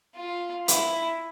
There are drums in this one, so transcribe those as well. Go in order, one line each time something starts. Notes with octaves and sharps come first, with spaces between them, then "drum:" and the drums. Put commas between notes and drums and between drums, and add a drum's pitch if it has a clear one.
F4
E4, drum: hi-hat